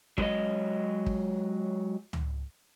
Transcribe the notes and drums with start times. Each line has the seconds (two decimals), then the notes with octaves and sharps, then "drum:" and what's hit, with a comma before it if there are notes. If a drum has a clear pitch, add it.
0.18 F#3 G#3 G4 B4 C#5 D#5, drum: kick
1.06 drum: kick
2.13 drum: tom C#2